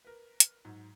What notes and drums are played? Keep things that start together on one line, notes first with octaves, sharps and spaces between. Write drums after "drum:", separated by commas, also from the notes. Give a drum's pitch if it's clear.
A#4 B4
drum: hi-hat
G#2 F#3